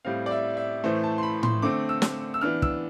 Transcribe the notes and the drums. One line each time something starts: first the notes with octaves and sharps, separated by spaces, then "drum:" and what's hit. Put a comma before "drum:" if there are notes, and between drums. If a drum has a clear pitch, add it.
A2 G3 C4 F5
D5
E5
E5
A2 E3 A3 C5
A5
C6
B5
C6, drum: tom A2
D3 A3 C4 D6
E6
drum: snare
E6
E3 B3 D4 F6
E6, drum: kick